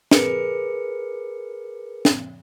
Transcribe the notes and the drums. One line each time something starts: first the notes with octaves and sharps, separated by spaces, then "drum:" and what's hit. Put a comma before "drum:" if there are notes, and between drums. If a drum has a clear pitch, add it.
G#4 A#4 B4 C#7, drum: snare
drum: snare